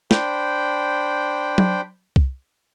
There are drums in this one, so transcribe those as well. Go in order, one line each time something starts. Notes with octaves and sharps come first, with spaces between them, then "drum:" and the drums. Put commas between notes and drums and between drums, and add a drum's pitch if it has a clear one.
D4 C5 G5 B5, drum: snare
drum: tom F#3
drum: kick C2